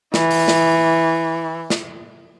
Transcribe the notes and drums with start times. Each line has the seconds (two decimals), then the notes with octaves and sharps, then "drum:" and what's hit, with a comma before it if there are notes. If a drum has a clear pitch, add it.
0.14 E3, drum: snare
0.31 drum: open hi-hat
0.48 drum: snare
1.70 drum: snare